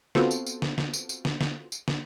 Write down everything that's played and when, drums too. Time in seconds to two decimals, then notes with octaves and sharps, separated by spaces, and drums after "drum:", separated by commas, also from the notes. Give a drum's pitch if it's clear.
0.15 B3 C4 F4 F#4 A4 C5, drum: snare
0.31 drum: tambourine
0.46 drum: tambourine
0.62 drum: snare
0.78 drum: snare
0.94 drum: tambourine
1.09 drum: tambourine
1.25 drum: snare
1.41 drum: snare
1.72 drum: tambourine
1.88 drum: snare